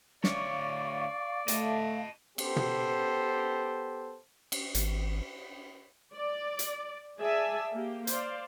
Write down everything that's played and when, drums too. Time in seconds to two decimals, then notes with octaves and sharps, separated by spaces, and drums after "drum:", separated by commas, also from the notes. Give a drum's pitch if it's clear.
0.24 D2 C#5 D5 F5 C#6, drum: snare
1.48 A3 D#5 F5 A5, drum: hi-hat
2.38 B3 G4 A4 C5, drum: cymbal
2.56 drum: tom
4.52 drum: cymbal
4.75 G#1, drum: hi-hat
6.14 D5
6.59 drum: hi-hat
7.19 G#4 D5 E5 G#5 A5
7.72 A#3 G4
8.07 C5 D5 F5, drum: hi-hat